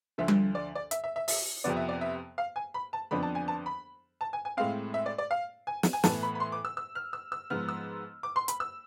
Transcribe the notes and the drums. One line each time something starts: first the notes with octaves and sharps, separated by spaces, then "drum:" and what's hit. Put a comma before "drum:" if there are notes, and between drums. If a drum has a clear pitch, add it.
D2 D3 F3 E5
drum: tom G3
D5
D5
E5, drum: hi-hat
E5
E5
E5, drum: open hi-hat
F2 C3 F3 B3 D5
E5
D5
E5
F5
G#5
B5
A5
F2 D3 F3 B3 D4 B5
A5
G#5
A5
B5
A5
G#5
G#5
A2 G#3 C4 F5
E5
D5
D5
F5
G#5
drum: snare
G#5
A2 E3 B3 A5, drum: snare
B5
B5
C6
D6
E6
E6
F6
E6
E6
G#2 F3 B3 F6
E6
D6
C6
B5, drum: hi-hat
E6